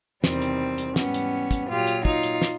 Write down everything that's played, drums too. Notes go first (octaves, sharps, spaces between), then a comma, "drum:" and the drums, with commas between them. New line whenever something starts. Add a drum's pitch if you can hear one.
E2 C3 D#3 G3 C4, drum: snare
drum: hi-hat
drum: hi-hat
G#2 E3 G3 B3 C#4, drum: snare
drum: hi-hat
drum: kick, hi-hat
A#2 F#3 F4 G4
drum: hi-hat
D#4 F4, drum: kick
drum: hi-hat
drum: snare